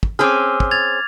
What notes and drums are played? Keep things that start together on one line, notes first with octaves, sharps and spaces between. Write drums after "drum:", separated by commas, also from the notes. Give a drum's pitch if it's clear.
drum: kick
C4 C#4 G#4 D6 F6
drum: kick
G#6 A6 F7